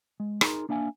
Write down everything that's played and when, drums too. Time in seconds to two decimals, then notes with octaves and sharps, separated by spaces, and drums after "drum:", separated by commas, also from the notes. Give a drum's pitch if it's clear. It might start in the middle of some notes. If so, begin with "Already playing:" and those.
0.20 G#3
0.41 D#4 G#4 A#4 A#5 C6, drum: rim click
0.69 A#3 D4 E5 F5 G#5